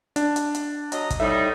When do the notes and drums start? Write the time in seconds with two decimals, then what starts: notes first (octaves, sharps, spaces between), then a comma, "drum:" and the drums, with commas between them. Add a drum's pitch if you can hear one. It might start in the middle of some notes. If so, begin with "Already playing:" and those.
0.16 D4, drum: hi-hat
0.36 drum: hi-hat
0.55 drum: hi-hat
0.92 F#3 D#5 A#5, drum: hi-hat
1.10 drum: kick, hi-hat
1.20 A2 G3 D#4 E5